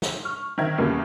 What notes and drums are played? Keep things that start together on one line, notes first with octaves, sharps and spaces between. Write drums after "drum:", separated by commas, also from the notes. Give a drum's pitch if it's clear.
drum: snare
C#6 F6
D#3 C4 A#4 E5 G#6
E2 C#3 E3 G3 A3 A#3